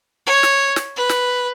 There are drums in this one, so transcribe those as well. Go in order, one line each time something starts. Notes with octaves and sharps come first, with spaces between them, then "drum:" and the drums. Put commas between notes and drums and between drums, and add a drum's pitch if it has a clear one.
C#5
drum: snare
drum: snare
B4
drum: snare